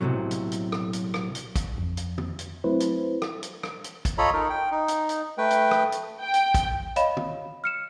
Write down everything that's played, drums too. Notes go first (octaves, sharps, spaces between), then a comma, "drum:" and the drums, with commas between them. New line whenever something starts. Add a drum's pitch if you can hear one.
B1 F2 A2 C3 F#3
drum: hi-hat
drum: hi-hat
drum: rim click
drum: hi-hat
drum: rim click
drum: hi-hat
drum: kick, hi-hat
F2
drum: hi-hat
drum: tom
drum: hi-hat
F#3 A3 C4 E4 B4 C5
drum: hi-hat
drum: rim click
drum: hi-hat
drum: rim click
drum: hi-hat
drum: kick, hi-hat
F4 A4 C#5 D#5 A#5 B5
D#4 A#4
G5
D#4
drum: hi-hat
drum: hi-hat
A3 B4 G5
drum: hi-hat
drum: rim click
drum: hi-hat
G5
drum: hi-hat
drum: kick, hi-hat
C#5 D#5 F5 B5 E7, drum: hi-hat
drum: tom
F6 C#7 E7